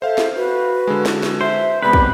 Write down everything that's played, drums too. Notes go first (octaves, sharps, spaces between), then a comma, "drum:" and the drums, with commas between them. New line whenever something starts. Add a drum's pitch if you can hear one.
A4 C5 E5 F5
drum: snare
F#4 B4
D3 G#3
drum: snare
drum: snare
C5 E5
C3 G#3 B3 B4 D5 B5
drum: kick